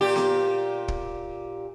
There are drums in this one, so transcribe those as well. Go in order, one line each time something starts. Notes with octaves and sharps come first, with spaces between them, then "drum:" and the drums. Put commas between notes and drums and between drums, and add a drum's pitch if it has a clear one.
A#2 G4
drum: snare B3
drum: kick